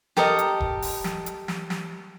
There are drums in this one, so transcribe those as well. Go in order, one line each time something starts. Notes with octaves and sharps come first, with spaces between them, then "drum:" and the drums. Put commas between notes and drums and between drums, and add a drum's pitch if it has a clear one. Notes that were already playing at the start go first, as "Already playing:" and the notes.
G4 A4 A#4 D#5, drum: snare
drum: hi-hat
drum: kick E1
drum: open hi-hat
drum: snare
drum: hi-hat
drum: snare
drum: snare